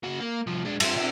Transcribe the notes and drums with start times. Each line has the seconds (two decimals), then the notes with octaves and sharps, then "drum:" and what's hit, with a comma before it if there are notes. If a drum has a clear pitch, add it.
0.04 C#3 F#4
0.20 A#3
0.47 C2 F3
0.65 G#3 D4
0.80 G2 C5, drum: cymbal
0.96 B2 E5